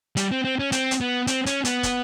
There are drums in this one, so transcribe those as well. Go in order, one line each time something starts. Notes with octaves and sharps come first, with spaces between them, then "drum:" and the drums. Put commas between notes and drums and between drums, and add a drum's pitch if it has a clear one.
G3, drum: hi-hat
C4
C4
C#4
C4, drum: hi-hat
drum: hi-hat
B3
C4, drum: hi-hat
C#4, drum: hi-hat
B3, drum: hi-hat
drum: kick, hi-hat